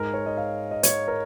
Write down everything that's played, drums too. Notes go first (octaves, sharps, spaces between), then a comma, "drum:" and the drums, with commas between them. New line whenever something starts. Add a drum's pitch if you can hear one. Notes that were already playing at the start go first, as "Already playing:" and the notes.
Already playing: G#2 G#3 A#4
C#5
D#5
F5
D#5
C#5, drum: hi-hat
A#4